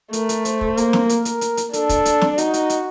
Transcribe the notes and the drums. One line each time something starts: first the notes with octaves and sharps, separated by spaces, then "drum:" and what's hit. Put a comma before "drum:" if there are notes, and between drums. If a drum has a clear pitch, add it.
A3 A#4, drum: hi-hat
drum: hi-hat
C5, drum: hi-hat
drum: kick
A#3, drum: hi-hat
drum: snare
A#4, drum: hi-hat
drum: hi-hat
drum: hi-hat
drum: hi-hat
D4 A4, drum: hi-hat
drum: kick, hi-hat
drum: hi-hat
drum: snare
D#4 F#4, drum: hi-hat
drum: hi-hat
drum: hi-hat